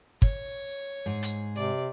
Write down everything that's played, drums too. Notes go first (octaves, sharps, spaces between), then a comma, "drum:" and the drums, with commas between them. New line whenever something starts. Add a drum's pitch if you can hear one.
C#5, drum: kick
G#2 G#4
drum: hi-hat
C3 D5